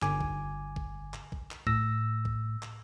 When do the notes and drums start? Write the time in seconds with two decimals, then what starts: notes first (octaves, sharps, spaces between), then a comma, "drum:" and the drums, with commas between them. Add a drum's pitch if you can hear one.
0.02 G1 G#5 D6, drum: clap
0.21 drum: kick A#1
0.76 drum: kick A#1
1.14 drum: clap
1.32 drum: kick A#1
1.51 drum: clap
1.67 A2 E6 A#6, drum: kick A#1
2.25 drum: kick A#1
2.62 drum: clap